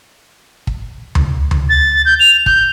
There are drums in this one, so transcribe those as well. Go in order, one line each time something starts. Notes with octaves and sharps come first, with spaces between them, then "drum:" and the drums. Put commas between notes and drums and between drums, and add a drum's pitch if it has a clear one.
drum: kick
drum: tom D2
drum: tom D2
A6
G6
F7
G6, drum: kick